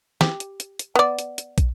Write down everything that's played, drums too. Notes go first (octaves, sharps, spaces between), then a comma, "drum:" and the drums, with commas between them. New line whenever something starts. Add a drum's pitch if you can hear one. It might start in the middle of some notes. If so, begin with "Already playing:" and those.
G4, drum: snare
drum: hi-hat
drum: hi-hat
drum: hi-hat
B3 D5
drum: hi-hat
drum: hi-hat
drum: kick, hi-hat